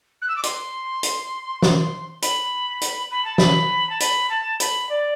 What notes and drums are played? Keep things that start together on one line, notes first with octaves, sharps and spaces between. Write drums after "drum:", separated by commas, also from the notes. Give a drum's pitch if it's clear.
F#6
E6
D6
C6, drum: hi-hat
drum: hi-hat
drum: snare
B5, drum: hi-hat
drum: hi-hat
B5
A5
B5, drum: snare
A5
B5, drum: hi-hat
A5
B5, drum: hi-hat
D5